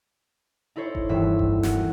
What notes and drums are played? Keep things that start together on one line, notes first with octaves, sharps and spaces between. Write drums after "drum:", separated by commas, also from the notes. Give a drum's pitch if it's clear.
D#4 E4 A4 C5 C#5
drum: kick F1
D#1 G2 E3 E5
drum: kick F1
F#4, drum: snare